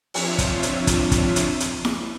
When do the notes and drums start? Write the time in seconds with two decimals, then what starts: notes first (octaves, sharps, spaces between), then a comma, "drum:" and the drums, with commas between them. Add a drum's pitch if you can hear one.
0.14 F3 C4 D4 F4 C#5 E5, drum: open hi-hat
0.39 drum: kick, hi-hat
0.63 drum: hi-hat
0.87 drum: kick, hi-hat
1.12 drum: kick, hi-hat
1.36 drum: hi-hat
1.60 drum: hi-hat
1.85 drum: snare E4